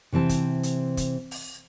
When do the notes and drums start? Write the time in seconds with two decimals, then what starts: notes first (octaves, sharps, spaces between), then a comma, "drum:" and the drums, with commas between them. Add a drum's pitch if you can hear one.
0.12 C3 E3 C4 A5
0.29 drum: kick, hi-hat
0.63 drum: hi-hat
0.97 drum: kick, hi-hat
1.31 drum: open hi-hat